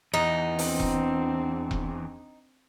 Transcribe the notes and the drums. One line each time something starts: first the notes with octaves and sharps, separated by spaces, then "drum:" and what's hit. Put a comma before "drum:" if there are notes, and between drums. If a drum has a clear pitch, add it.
E2 D#4
C4 D4, drum: open hi-hat
drum: kick E1
drum: kick E1